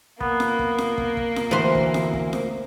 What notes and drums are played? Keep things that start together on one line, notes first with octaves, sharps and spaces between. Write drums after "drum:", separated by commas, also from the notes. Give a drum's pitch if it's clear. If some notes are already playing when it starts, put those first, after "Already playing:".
A#3 B3, drum: kick
drum: snare F4
drum: kick
drum: snare F4
drum: kick
drum: kick
drum: snare F4
D2 E3 C5
drum: kick
drum: snare F4
drum: kick
drum: snare F4